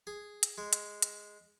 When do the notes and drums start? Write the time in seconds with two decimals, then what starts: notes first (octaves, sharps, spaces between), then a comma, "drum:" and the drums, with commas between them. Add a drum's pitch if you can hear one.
0.07 G#4
0.43 drum: hi-hat
0.58 G#3
0.73 drum: hi-hat
1.02 drum: hi-hat